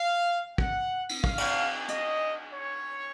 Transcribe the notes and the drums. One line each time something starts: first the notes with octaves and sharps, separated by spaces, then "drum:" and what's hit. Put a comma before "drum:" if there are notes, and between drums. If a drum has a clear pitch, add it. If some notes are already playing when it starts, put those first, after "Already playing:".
Already playing: F5
F#5, drum: kick
drum: cymbal
F5, drum: kick
drum: cymbal
D#5, drum: hi-hat
C#5